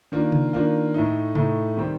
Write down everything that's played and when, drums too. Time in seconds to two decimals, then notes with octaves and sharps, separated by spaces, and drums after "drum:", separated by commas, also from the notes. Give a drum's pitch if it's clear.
0.12 D#3 A#3 D4 F4
0.32 drum: tom C3
0.53 D#3 A#3 D4 F4
0.94 A2 A3 D#4
1.35 A2 A3 D#4, drum: tom C3
1.77 C3 D#3 G3 C4